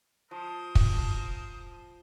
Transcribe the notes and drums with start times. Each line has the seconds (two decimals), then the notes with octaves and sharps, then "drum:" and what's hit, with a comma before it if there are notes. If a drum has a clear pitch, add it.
0.31 F3 A#4 C5 D#6
0.75 drum: kick